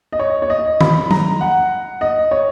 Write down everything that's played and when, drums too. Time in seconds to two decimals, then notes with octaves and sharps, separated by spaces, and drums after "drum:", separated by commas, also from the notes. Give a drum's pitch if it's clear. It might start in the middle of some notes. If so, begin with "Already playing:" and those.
0.12 D#5
0.19 C#5
0.42 C#5
0.50 D#5
0.81 B5, drum: tom D#3
1.11 A#5, drum: tom F#3
1.41 F#5
2.01 D#5
2.31 C#5